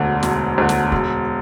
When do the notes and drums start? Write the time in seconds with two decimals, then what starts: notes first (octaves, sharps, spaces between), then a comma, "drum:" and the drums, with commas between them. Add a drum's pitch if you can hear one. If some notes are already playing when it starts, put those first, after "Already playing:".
Already playing: E1 D2 D3
0.23 E1, drum: snare
0.58 D2 D3
0.69 drum: snare
0.92 E1, drum: kick